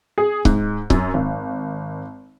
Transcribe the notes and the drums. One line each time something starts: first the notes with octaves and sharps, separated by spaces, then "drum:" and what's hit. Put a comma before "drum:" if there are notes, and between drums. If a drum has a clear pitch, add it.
G#4
G#2, drum: kick C#1
F#2, drum: kick C#1
G#1